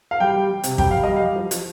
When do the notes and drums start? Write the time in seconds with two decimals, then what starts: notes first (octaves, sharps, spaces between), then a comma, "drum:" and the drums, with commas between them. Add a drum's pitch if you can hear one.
0.11 F5
0.20 G3 G5
0.35 G3
0.50 G3
0.64 C3, drum: hi-hat
0.78 G3 G5, drum: kick
0.91 G3 F5
1.03 G3 D#5
1.16 F5
1.22 G3
1.36 F3
1.51 F3, drum: hi-hat